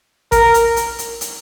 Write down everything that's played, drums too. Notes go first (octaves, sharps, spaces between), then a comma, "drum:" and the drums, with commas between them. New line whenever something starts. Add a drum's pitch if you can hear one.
A#4, drum: kick A1, hi-hat
drum: hi-hat
drum: hi-hat
drum: hi-hat
drum: hi-hat